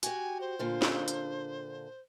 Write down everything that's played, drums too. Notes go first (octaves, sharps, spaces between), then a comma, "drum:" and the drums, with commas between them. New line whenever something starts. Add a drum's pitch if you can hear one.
F#4 G4 G#5, drum: hi-hat
C5
A#2 D3 F5
drum: snare
drum: hi-hat